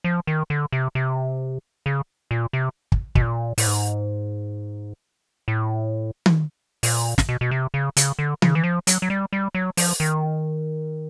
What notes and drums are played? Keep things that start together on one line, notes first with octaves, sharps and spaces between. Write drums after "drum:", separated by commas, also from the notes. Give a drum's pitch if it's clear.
F3
D#3
D3
C3
C3
C#3
A#2
C3
drum: kick
B2, drum: kick
A#2
A2, drum: open hi-hat
G#2
A2
drum: tom D#3
A#2, drum: open hi-hat
drum: snare
B2
B2
C3
C#3
C#3, drum: hi-hat
D3
C#3, drum: tom D#3
E3
F3
F#3, drum: hi-hat
F#3
G3
G3
F#3
F3, drum: open hi-hat
D#3